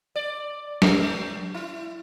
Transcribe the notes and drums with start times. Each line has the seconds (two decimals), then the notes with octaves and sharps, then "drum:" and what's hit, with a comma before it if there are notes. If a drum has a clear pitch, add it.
0.16 D5
0.82 A3, drum: snare
1.54 E4